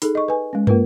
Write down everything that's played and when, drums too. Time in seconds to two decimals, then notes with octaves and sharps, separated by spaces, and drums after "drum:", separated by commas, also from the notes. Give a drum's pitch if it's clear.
0.02 D#4 G#4 A4, drum: hi-hat
0.15 D#5 C#6
0.28 B4 G#5
0.53 G#3 C#4
0.67 A#3 F4 A#4 B4, drum: tom